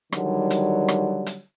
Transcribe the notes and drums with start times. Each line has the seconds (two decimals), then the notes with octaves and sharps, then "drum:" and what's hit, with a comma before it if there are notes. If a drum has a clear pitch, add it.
0.12 D3 D#3 F#3 G3, drum: rim click
0.50 drum: hi-hat
0.88 drum: rim click
1.26 drum: hi-hat